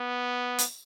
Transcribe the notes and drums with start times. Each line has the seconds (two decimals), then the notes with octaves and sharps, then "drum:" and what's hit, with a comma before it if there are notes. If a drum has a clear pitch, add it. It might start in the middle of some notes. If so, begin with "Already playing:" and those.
Already playing: B3
0.59 drum: hi-hat